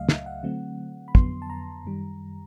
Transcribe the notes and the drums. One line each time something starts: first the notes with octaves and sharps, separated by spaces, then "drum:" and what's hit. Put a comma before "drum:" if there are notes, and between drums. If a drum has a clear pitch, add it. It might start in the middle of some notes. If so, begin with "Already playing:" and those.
Already playing: C#2 C#3 F#3 A3 D#5 F5
E5, drum: snare
F#5
D3 F#3 A3 C4
B5
F2 D3 F#3 B3 C6, drum: kick
A5
A#5
F#2 D#3 G3